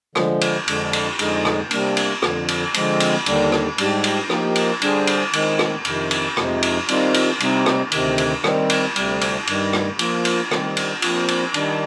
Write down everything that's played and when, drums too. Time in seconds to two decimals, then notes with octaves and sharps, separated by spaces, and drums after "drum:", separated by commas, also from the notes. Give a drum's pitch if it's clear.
0.15 D3 F3 G#3, drum: rim click
0.41 drum: cymbal
0.68 F2 D3 G#3 D4, drum: cymbal
0.93 drum: cymbal
1.19 F2 D3 G#3 D#4 G#4, drum: cymbal
1.45 drum: rim click
1.71 C3 G3 A#3 D4, drum: cymbal
1.97 drum: cymbal
2.22 F2 D3 F3, drum: rim click
2.48 drum: cymbal
2.74 D3 F3 G#3 C4, drum: cymbal
3.00 drum: cymbal
3.26 D#2 D3 G3 D4, drum: cymbal
3.52 drum: rim click
3.78 G#2 G3 D4 G4, drum: cymbal
4.04 drum: cymbal
4.30 F3 A#3 D#4 G4 A#4, drum: rim click
4.55 drum: cymbal
4.82 D3 G3 D4 G#4 C5, drum: cymbal
5.07 drum: cymbal
5.33 D#3 G#3 C4, drum: cymbal
5.59 drum: rim click
5.85 F2 C3 D#3, drum: cymbal
6.11 drum: cymbal
6.37 F2 C3 F3 G#3 D#4, drum: rim click
6.63 drum: cymbal
6.88 D#3 G3 C4 F4, drum: cymbal
7.14 drum: cymbal
7.40 C3 G3 C4 D#4, drum: cymbal
7.66 drum: rim click
7.92 D2 C3 D#3, drum: cymbal
8.18 drum: cymbal
8.44 D#3 G3 C4, drum: rim click
8.70 drum: cymbal
8.96 D2 C3 G3, drum: cymbal
9.21 drum: cymbal
9.47 G2 D#3 G3, drum: cymbal
9.73 drum: rim click
9.99 F3 A#3 F4, drum: cymbal
10.25 drum: cymbal
10.51 D#3 G3 C4, drum: rim click
10.77 drum: cymbal
11.02 A#2 F3 C4 F4, drum: cymbal
11.28 drum: cymbal
11.54 D#3 G3 D4, drum: cymbal